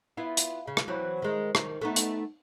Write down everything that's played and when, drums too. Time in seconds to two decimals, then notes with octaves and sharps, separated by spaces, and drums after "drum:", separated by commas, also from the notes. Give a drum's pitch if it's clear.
0.17 B3 E4 F4
0.37 drum: hi-hat
0.67 C#3
0.77 drum: rim click
0.88 E3 F#3 C4
1.22 D#3 G#3
1.55 D#3, drum: rim click
1.82 A3 B3 D#4
1.96 drum: hi-hat